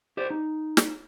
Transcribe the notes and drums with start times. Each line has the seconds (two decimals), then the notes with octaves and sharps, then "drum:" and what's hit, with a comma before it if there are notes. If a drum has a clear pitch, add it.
0.17 G4 C5 D5
0.30 D#4
0.77 drum: snare